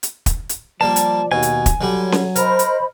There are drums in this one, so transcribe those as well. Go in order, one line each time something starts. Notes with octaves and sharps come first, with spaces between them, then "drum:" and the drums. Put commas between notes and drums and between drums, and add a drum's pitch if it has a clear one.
drum: hi-hat
drum: kick, hi-hat
drum: hi-hat
F3 G3 A#3 D5 A5
drum: hi-hat
D#2 B2 G#5
drum: hi-hat
drum: kick, hi-hat
D3 F#3 G3
drum: snare C#4
A#4 C5 D#5 B5, drum: hi-hat
drum: hi-hat